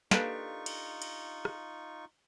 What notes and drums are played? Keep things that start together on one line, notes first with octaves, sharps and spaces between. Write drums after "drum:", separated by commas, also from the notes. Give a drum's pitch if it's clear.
A#3 D4 D#4 F4 G4 A4 B4 C#6, drum: snare
drum: cymbal
drum: cymbal
drum: rim click